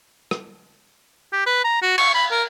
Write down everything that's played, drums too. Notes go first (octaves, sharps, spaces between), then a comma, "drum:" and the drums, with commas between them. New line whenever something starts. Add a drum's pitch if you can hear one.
drum: rim click
G4
B4
A#5
F#4
C#6, drum: cymbal
B5
A#4